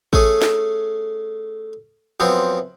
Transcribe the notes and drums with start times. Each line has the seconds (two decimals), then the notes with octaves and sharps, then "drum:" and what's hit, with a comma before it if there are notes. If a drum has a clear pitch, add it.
0.13 A3 C#4 G#4, drum: kick A1
0.42 drum: snare
2.20 F#2 F3 B3 C4